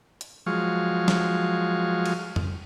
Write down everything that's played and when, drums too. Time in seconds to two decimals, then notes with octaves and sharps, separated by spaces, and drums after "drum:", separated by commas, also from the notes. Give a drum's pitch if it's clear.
0.21 drum: hi-hat
0.46 F3 F#3 G#3 F5 C#6
1.08 drum: snare
2.06 drum: cymbal
2.36 drum: tom F2